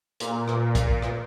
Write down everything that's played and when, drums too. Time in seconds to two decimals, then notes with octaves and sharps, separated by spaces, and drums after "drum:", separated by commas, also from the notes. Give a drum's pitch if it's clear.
0.20 A#2, drum: hi-hat
0.48 drum: rim click
0.75 drum: kick, hi-hat
1.02 drum: rim click